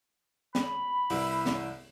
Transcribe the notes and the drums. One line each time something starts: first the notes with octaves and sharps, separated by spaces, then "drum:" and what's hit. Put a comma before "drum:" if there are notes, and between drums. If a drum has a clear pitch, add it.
B5, drum: snare
C2 E4 B4, drum: open hi-hat
drum: snare